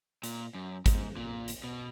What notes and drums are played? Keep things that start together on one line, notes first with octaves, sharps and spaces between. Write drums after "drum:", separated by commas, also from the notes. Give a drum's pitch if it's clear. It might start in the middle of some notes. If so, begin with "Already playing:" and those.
A#2, drum: hi-hat
F#2
G#2, drum: kick G#1, hi-hat
A#2
drum: hi-hat
B2